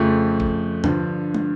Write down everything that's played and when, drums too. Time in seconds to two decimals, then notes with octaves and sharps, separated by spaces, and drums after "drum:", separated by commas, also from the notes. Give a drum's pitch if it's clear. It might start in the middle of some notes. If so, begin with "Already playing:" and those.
Already playing: F2 C#3 F3 A3
0.40 drum: kick G#1
0.84 G2 D3 F3, drum: tom E2
1.34 drum: tom